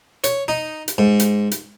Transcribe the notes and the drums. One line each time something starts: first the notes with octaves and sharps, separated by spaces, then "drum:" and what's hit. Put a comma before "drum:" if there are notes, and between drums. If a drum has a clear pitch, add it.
C#5, drum: hi-hat
D#4
drum: hi-hat
G#2
drum: hi-hat
drum: hi-hat